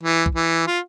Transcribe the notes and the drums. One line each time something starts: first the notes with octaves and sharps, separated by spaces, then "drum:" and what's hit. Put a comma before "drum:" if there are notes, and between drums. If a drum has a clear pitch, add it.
E3
drum: kick
E3
F4